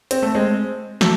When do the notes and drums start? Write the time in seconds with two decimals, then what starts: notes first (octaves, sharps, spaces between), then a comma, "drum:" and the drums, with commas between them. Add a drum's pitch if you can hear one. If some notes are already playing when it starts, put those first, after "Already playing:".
0.11 C4, drum: hi-hat
0.22 A3
0.35 G#3 C4
1.01 F#3 A3, drum: snare